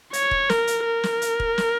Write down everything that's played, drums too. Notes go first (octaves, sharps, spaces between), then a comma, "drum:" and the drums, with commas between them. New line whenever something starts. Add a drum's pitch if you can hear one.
C#5, drum: hi-hat
drum: kick
A#4, drum: snare
drum: hi-hat
A#4
drum: snare
drum: hi-hat
drum: kick
drum: snare